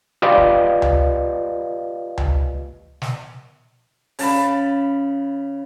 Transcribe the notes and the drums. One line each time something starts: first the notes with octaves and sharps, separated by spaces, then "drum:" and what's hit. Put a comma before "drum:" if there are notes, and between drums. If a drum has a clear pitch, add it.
F4 G4 B4 D5 D#5 F5
drum: kick
drum: tom C#2
drum: tom C#2
drum: snare
C#3 A5 B5, drum: open hi-hat